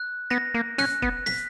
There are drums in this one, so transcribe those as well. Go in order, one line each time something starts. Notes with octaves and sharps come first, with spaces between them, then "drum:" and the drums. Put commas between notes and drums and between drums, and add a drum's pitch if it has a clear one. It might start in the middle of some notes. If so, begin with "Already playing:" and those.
Already playing: F#6
B3 A#6
A#3
C#4 F#6, drum: snare
B3, drum: kick
B6, drum: snare